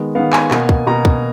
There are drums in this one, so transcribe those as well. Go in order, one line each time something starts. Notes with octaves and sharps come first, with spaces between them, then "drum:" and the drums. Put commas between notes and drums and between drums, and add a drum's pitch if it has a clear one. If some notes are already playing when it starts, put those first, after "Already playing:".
Already playing: D#3 G#3 B3
D#3 G#3 B3 F5
G#5, drum: clap
B2 A#3, drum: clap
drum: kick
B2 A#3 A#5
drum: kick